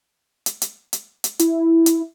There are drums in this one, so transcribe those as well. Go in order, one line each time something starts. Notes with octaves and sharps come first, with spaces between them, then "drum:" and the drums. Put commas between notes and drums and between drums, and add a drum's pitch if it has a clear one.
drum: hi-hat
drum: hi-hat
drum: hi-hat
drum: hi-hat
E4, drum: hi-hat
drum: hi-hat